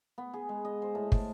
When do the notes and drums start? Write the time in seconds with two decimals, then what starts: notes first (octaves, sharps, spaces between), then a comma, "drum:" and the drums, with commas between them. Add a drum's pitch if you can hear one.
0.18 B3
0.34 G#4
0.49 G#3
0.65 D#5
0.82 C5
0.95 A2
1.12 A5, drum: kick